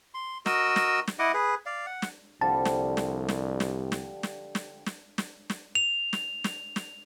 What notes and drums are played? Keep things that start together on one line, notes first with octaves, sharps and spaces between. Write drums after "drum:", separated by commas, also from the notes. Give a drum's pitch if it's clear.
C6
F#4 A#4 D#5 E6, drum: snare
drum: snare
drum: snare
E4 D#5 F#5 D6
G#4 B4
D5 F5
F#5
drum: snare
C2 D3 F3 G3 A5
drum: snare
drum: snare
drum: snare
drum: snare
drum: snare
drum: snare
drum: snare
drum: snare
drum: snare
drum: snare
F7
drum: snare
drum: snare
drum: snare